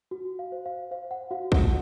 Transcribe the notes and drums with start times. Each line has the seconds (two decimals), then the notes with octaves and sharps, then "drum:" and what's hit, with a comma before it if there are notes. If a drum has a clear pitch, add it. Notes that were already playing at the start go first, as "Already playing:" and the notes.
0.11 F#4
0.39 F5
0.52 C5
0.66 F5
0.91 C5 F5
1.11 F#5
1.31 F#4 F5
1.52 F#5, drum: kick A#1